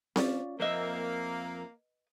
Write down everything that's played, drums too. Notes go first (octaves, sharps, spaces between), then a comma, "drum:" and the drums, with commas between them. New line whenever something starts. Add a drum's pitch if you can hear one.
C#4 F4 D5, drum: snare C4
F2 A#3 C4 B4 D#5 E5